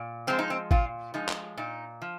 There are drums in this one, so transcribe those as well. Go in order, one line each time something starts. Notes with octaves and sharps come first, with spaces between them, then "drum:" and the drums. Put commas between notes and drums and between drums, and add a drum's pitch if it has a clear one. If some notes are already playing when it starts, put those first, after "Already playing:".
Already playing: A#2
F3 G#3 C4
D#4
C4
A#2 F4, drum: kick G#1
F3 G#3 D#4
drum: clap
A#2 D#4
F3